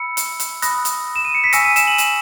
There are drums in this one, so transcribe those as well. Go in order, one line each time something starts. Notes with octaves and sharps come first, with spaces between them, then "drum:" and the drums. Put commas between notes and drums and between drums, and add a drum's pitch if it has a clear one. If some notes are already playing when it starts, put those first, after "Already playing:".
Already playing: B5 E6 C#7
drum: hi-hat
drum: hi-hat
B5 D#6 F#6 A#6, drum: hi-hat
drum: hi-hat
E7
D#7
C#7
B6
G#5 C#6 E6 A#6, drum: hi-hat
D#7
E7, drum: hi-hat
F#7
drum: hi-hat